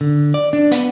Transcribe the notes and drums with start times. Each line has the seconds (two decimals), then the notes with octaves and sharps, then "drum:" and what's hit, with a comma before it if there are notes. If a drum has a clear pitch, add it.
0.01 D3
0.34 D5
0.53 D4
0.71 B3, drum: hi-hat